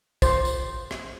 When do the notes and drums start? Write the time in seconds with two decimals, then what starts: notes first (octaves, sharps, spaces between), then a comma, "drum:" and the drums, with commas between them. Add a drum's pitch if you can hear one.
0.22 C5, drum: kick, tambourine
0.45 drum: tambourine
0.91 drum: rim click